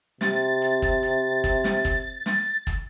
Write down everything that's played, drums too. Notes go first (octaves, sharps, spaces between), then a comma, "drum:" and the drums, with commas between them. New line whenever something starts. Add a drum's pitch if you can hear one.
C3 A6, drum: snare
drum: hi-hat
drum: kick
drum: hi-hat
drum: kick, hi-hat
drum: snare
drum: kick, hi-hat
drum: snare
drum: kick, hi-hat